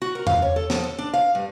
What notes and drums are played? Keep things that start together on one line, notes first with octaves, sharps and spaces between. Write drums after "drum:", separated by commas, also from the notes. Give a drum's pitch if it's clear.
F#4
A#4
F5, drum: tom E2
C#5
A4
F3, drum: snare
A4
D4
F5
G2